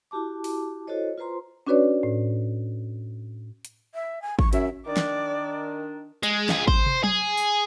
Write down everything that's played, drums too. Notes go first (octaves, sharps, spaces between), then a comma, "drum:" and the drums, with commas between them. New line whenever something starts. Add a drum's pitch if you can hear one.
E4 F#4 G4 A5 D6
drum: open hi-hat
E4 F#4 A4 C5 C#5 D#5
F4 B4 C5 A#5 C6
C#4 D4 F#4 B4 C#5 D5
A2
drum: hi-hat
E5
G#5
C#6, drum: kick G#1
F#2 E5, drum: hi-hat
D#3 D4 D5
drum: snare
G#3, drum: hi-hat
C#2 G#4, drum: snare
C5, drum: kick G#1
drum: tom
G#4, drum: tom F#3
drum: tambourine